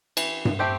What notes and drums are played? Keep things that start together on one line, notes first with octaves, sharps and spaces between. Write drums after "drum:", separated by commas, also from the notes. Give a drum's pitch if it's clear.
E3, drum: cymbal
drum: tom G2
A3 C4 G4 C5